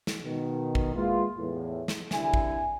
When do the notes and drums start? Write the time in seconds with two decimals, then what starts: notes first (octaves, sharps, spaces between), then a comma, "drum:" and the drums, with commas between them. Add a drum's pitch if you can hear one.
0.07 drum: snare
0.24 B2 D#3
0.75 drum: kick
0.94 G#3 A#3 B3 E4 F4
1.38 E2 A2
1.88 drum: snare
2.11 C2 D3 E4 G#5, drum: snare
2.34 drum: kick